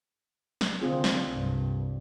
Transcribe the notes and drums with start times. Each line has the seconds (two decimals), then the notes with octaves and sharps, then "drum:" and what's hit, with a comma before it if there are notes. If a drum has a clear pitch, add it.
0.61 drum: snare
0.82 D3 D#3 C4 F4 G#4
1.04 drum: snare
1.25 C2 G2